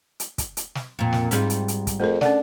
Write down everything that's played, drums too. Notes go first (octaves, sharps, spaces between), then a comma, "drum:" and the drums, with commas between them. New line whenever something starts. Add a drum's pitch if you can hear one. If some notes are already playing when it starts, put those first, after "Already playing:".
drum: hi-hat
drum: kick, hi-hat
drum: hi-hat
drum: snare
F2 A#2
drum: snare
G#2 G3 C4 F4 G#4, drum: hi-hat
drum: hi-hat
drum: hi-hat
drum: kick, hi-hat
F2 A3 G#4 A#4
C#4 D4 A4 F#5, drum: snare